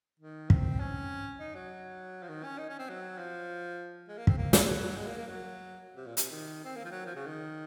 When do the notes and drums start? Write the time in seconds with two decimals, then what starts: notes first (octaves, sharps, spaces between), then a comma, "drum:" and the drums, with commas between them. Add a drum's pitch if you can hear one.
0.20 D#3
0.50 C4, drum: kick
0.80 C#4
1.40 D#4
1.55 F#3
2.23 F3
2.28 D#3
2.44 C#4
2.58 D#4
2.69 C#4
2.79 C4
2.89 F#3
3.18 F3
4.08 G#3
4.18 A#3
4.27 C4, drum: kick
4.38 A#3
4.53 G#3, drum: snare
4.64 G#3
4.68 F#3
4.97 G#3
5.06 A#3
5.17 A#3
5.28 F#3
5.96 C3
6.06 A#2
6.17 C3, drum: hi-hat
6.31 D#3
6.64 C4
6.76 A#3
6.85 F3
6.91 F#3
7.06 F3
7.15 C#3
7.26 D#3